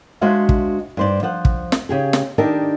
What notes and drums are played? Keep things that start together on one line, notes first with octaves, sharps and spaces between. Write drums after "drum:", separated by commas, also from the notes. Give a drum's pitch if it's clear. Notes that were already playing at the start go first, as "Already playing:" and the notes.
G#3 D4 F#4 C5 E5 F5
drum: kick
G2 C5 D5
F3 C5 F#5
drum: kick
drum: snare
C#3 G4 G#4
drum: snare
D#3 D4 G4 A4 A#4 D#5